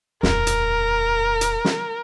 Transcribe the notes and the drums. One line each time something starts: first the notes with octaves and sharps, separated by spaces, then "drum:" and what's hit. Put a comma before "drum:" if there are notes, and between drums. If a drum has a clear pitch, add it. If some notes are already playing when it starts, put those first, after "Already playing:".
D#1 F2 A#4, drum: snare
drum: hi-hat
drum: hi-hat
drum: snare